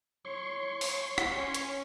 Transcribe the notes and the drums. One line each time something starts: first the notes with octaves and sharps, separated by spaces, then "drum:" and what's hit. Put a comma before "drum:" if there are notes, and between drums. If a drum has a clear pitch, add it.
C#5 C6 C#6
drum: open hi-hat
drum: rim click
C#4
drum: hi-hat